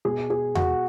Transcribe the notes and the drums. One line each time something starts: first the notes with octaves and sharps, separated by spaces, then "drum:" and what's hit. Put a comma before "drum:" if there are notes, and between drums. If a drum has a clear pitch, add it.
B2 G#4
G#4
F#4, drum: tom E2